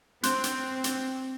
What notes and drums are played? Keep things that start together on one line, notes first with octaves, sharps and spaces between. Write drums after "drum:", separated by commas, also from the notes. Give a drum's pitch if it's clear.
C4 C6 F#6 G6, drum: hi-hat
drum: hi-hat
drum: hi-hat